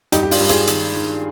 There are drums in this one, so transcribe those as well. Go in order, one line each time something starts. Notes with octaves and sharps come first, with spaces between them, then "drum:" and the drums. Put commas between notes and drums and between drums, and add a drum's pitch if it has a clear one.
G2 D#4 G4, drum: hi-hat
G4
D4 F4, drum: open hi-hat
G2
F4 G#4, drum: hi-hat
D#3, drum: hi-hat
D#3